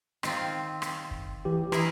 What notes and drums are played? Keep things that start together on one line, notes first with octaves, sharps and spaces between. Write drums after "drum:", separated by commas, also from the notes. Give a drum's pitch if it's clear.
D#3 C4 F4, drum: rim click
drum: rim click
drum: kick
E3 G4
E3 E4 G#4 A#4, drum: rim click